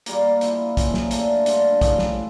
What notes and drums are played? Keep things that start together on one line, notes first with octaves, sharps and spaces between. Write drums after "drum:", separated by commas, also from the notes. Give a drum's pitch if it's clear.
A#2 G3 A#3, drum: hi-hat
F3 A#3 E4, drum: hi-hat
A#2 F3 C#4, drum: kick, hi-hat
drum: snare
A#2 A3 D4, drum: hi-hat
D3 G3 D4 F4, drum: hi-hat
A2 F3 C#4, drum: kick, hi-hat
drum: snare